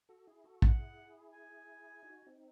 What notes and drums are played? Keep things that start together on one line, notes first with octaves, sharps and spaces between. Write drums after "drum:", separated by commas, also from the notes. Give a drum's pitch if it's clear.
F#4 A4
E4 G#4
F#4 A4
E4 G#4 F#5, drum: kick
G#5
D#4 F#4
C4 D#4